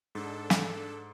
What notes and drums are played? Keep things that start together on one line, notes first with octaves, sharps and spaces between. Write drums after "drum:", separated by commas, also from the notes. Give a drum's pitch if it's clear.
G#2 D4 A4
drum: snare